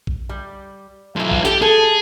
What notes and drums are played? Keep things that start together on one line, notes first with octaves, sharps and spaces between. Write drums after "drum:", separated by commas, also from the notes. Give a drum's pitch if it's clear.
drum: kick A#1
G3
B1 E3 F3
drum: kick A#1
G4 A4, drum: snare
G#4 A4